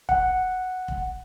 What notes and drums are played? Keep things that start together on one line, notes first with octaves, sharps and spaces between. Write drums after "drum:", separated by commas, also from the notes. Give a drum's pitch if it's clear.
F#5, drum: kick
drum: kick